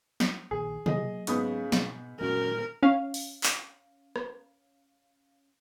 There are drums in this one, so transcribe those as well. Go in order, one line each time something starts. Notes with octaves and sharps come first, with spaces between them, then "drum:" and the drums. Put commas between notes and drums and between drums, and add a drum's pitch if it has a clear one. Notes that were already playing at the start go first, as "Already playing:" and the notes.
drum: snare
A#1 A#2 D#3 G#4
F#3 A#3 G#4 D#5, drum: tom B2
G#2 C#3 B3 D#6, drum: hi-hat
B2, drum: snare
F#2 A#2 G#3 A#4
C#4 F5
drum: open hi-hat
drum: clap
drum: rim click